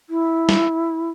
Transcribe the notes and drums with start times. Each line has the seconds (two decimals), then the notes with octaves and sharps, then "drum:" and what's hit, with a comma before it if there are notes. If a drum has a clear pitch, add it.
0.10 E4
0.49 drum: snare